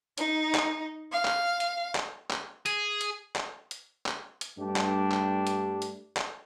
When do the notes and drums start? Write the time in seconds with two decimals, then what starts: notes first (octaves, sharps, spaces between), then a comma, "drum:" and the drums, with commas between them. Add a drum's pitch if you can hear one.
0.18 D#4, drum: hi-hat
0.55 drum: clap
1.12 F5
1.25 drum: clap
1.60 drum: hi-hat
1.95 drum: clap
2.30 drum: clap
2.66 G#4, drum: hi-hat
3.01 drum: hi-hat
3.36 drum: clap
3.71 drum: hi-hat
4.06 drum: clap
4.41 drum: hi-hat
4.58 G2 G3 A3 D4 G4
4.76 drum: clap
5.12 drum: clap
5.47 drum: hi-hat
5.82 drum: hi-hat
6.17 drum: clap